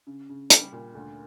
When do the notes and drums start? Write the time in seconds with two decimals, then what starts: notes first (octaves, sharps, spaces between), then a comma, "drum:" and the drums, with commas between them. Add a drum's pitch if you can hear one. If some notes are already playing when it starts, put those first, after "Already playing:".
0.07 C#3
0.29 C#3
0.50 G3, drum: hi-hat
0.72 A#2
0.95 D2